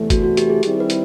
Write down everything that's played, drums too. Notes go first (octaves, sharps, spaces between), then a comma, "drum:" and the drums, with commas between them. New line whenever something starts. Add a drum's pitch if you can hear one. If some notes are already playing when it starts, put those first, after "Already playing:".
Already playing: E2 C3 E3 A3
F#4, drum: kick, hi-hat
F#4
G4, drum: hi-hat
G#4
D#3 G3 C4 E4, drum: hi-hat
B4
drum: hi-hat